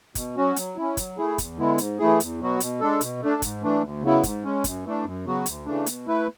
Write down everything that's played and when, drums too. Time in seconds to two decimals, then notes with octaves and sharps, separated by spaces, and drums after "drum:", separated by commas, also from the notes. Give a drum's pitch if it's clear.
0.15 B2, drum: kick, hi-hat
0.36 F#3 C#4 F#4
0.56 F#3, drum: hi-hat
0.76 C#4 E4
0.97 F#3, drum: kick, hi-hat
1.17 A3 E4 G#4
1.38 E2, drum: kick, hi-hat
1.58 D3 G#3 B3 E4
1.78 G#2, drum: hi-hat
1.99 E3 A3 E4 G#4
2.20 E2, drum: hi-hat
2.40 B2 F#3 B3 F#4
2.60 B2, drum: hi-hat
2.80 G#3 D4 A4
3.01 B2, drum: hi-hat
3.21 A3 D4
3.42 G#2, drum: kick, hi-hat
3.62 E3 A3 D4
3.83 D2
4.03 C#3 F#3 B3 E4
4.23 G#2, drum: kick, hi-hat
4.44 G#3 C#4
4.64 F#2, drum: kick, hi-hat
4.84 E3 A3 D4
5.05 F#2
5.26 C#3 F#3 B3 F#4
5.46 D2, drum: hi-hat
5.66 C#3 E3 A3 D4
5.86 B2, drum: hi-hat
6.07 A3 E4 B4